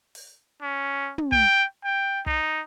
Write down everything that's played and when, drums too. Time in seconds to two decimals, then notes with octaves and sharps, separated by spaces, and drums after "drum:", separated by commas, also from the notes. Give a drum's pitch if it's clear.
0.15 drum: open hi-hat
0.62 C#4
1.18 drum: tom
1.32 G5, drum: kick
1.84 G5
2.26 D#4, drum: kick